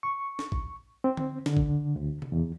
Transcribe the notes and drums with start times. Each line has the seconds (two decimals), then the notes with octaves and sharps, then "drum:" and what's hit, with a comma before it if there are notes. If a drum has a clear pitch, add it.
0.03 C#6
0.39 drum: snare
0.52 drum: kick A1
1.04 C4
1.17 drum: tom D3
1.46 D3, drum: snare
1.57 drum: kick A1
1.96 D2
2.22 drum: tom C3
2.32 E2